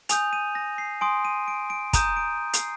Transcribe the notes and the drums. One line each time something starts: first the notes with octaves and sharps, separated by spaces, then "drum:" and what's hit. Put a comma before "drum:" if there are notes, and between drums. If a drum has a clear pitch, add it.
G#5 D#6 G6 F7, drum: hi-hat
D#7
A#6
C7
G#5 C6 D#6 D7
D#7
D7
D7
A#5 D#6 G6 D#7, drum: kick, hi-hat
D7
C7, drum: hi-hat